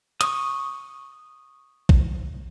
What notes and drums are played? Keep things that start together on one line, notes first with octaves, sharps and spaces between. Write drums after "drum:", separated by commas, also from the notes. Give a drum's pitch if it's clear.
C#6 D#6, drum: hi-hat
drum: kick A#1